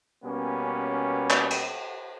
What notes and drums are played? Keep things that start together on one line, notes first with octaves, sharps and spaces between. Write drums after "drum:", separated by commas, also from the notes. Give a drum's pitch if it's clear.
B2 G3 A#3 B3 C#4
drum: clap
drum: cymbal